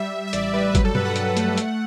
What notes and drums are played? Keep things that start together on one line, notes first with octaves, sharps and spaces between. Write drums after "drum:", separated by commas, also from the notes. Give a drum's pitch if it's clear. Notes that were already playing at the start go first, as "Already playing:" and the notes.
Already playing: G3 E5
G3
E5
A1 D5, drum: hi-hat
G3 B4
F#3 B4, drum: kick G1, hi-hat
A4
G2 B4, drum: tom B2
F#5
G2, drum: hi-hat
A3, drum: hi-hat
A3, drum: hi-hat